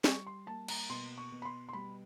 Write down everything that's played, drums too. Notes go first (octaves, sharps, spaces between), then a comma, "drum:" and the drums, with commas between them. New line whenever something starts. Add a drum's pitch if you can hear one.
G3 C#6, drum: snare
C6
A#3 A5
A#5, drum: cymbal
B2 C6
C#6
B2
B5
C6
C6
G3 B5